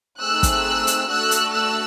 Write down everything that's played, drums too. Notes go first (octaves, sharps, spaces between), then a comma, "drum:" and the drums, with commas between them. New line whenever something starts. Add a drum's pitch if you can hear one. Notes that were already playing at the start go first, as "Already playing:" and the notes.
A3 C4 D#4 G#4 E6 F#6
drum: kick, hi-hat
drum: hi-hat
A3 D4 F#4 A4 E6 F#6
drum: hi-hat
E6 F#6